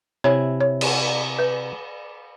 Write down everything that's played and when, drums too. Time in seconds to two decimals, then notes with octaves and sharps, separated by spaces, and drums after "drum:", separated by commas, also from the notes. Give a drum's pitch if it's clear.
0.24 C3 E4 C#5 G#5
0.61 C#5
0.81 drum: cymbal
1.39 B4